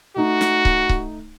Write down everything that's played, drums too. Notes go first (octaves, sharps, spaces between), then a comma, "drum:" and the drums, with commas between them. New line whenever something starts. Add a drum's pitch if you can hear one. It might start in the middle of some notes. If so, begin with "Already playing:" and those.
A3 D#4 F#4
drum: snare
drum: kick C#1
drum: kick C#1